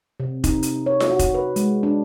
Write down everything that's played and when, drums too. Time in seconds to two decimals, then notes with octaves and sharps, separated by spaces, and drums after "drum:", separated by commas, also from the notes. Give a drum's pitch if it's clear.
0.20 C3
0.44 D#4, drum: kick, hi-hat
0.63 drum: hi-hat
0.86 C#5
1.00 drum: snare F4
1.10 F#4
1.19 drum: kick, hi-hat
1.34 B4
1.56 G#3, drum: hi-hat
1.83 D4